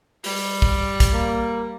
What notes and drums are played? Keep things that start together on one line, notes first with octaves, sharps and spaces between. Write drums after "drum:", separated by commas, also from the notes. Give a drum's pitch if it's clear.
G3, drum: open hi-hat
drum: kick
drum: kick, hi-hat
A#3